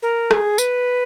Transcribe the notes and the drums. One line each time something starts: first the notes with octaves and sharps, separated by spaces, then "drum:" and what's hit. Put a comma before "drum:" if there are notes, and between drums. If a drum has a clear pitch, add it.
A#4
G#4, drum: rim click
B4, drum: tambourine